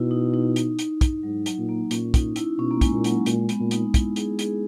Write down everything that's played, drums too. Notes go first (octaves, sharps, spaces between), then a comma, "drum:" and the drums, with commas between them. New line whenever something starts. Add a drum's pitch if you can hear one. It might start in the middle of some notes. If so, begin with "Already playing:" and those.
Already playing: B2 D#4 E4
D#4
D#4
drum: hi-hat
drum: hi-hat
drum: kick, hi-hat
G#2 F#3
F#3, drum: hi-hat
A#2
A#3
A#2 C#4, drum: hi-hat
D#4, drum: kick, hi-hat
E4, drum: hi-hat
B2 C#4
A#3
G#3, drum: kick, hi-hat
A#2
F#3, drum: hi-hat
A#2 G#3, drum: hi-hat
B3, drum: hi-hat
A#2
D#4, drum: hi-hat
E4, drum: kick, hi-hat
G#4, drum: hi-hat
G#4, drum: hi-hat